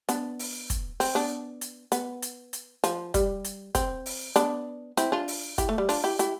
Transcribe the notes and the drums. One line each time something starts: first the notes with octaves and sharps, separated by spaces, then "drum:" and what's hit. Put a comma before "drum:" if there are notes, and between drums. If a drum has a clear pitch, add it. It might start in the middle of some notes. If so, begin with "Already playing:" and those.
B3 D4, drum: hi-hat
drum: open hi-hat
drum: kick, hi-hat
C4, drum: open hi-hat
B3 D4
drum: hi-hat
B3, drum: hi-hat
drum: hi-hat
drum: hi-hat
F3, drum: hi-hat
G3, drum: kick, hi-hat
drum: hi-hat
C4, drum: kick, hi-hat
drum: open hi-hat
B3 D4, drum: hi-hat
C4 E4, drum: hi-hat
D4 F4
drum: open hi-hat
E4 G4, drum: kick, hi-hat
A3
G3
D4 F4, drum: open hi-hat
E4 G4
E4 G4, drum: hi-hat